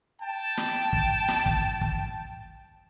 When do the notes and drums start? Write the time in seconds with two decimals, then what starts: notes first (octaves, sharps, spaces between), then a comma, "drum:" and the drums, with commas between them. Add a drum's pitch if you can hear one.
0.22 G5 A5
0.57 drum: snare
0.93 drum: kick
1.28 drum: snare
1.46 drum: kick
1.81 drum: kick